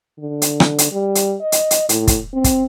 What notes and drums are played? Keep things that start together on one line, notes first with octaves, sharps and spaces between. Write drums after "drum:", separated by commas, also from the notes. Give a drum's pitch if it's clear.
D3
drum: hi-hat
drum: rim click
drum: hi-hat
G3
drum: hi-hat
D#5
drum: hi-hat
drum: hi-hat
A2, drum: hi-hat
drum: kick, hi-hat
C4
drum: kick, hi-hat